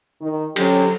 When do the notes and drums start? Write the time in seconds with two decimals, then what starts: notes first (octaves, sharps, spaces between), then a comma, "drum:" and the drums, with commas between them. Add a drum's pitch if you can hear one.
0.21 D#3
0.56 F2 D3 F#3 C#4 G4, drum: cymbal